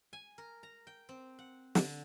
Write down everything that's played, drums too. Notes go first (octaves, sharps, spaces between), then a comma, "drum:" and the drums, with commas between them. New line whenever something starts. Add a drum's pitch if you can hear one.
G#5
A#4
A#5
G5
C4
F#5
D3, drum: snare